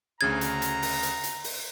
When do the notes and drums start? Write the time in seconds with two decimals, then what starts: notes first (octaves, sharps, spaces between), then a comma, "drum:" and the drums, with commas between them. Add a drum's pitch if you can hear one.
0.21 D2 C#3 A#5 G#6 A6
0.41 drum: hi-hat
0.62 drum: hi-hat
0.82 drum: open hi-hat
1.03 drum: hi-hat
1.24 drum: hi-hat
1.44 drum: open hi-hat